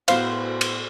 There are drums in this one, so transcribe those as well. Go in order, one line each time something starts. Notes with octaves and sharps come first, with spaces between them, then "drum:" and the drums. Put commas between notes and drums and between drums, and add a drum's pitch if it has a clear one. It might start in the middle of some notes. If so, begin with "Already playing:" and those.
A2 B3 F#4 C5 F5, drum: cymbal
drum: cymbal